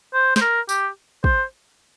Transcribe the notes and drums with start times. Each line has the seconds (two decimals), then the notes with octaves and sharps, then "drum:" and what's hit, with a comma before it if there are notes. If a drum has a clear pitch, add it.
0.14 C5
0.36 C5, drum: snare
0.41 A#4
0.69 G4, drum: tambourine
1.24 C5, drum: kick